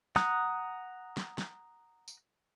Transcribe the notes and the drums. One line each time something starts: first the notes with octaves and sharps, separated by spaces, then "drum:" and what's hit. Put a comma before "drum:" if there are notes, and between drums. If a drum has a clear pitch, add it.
F#5 A#5 D#6 F#6, drum: snare
drum: snare
drum: snare
drum: tambourine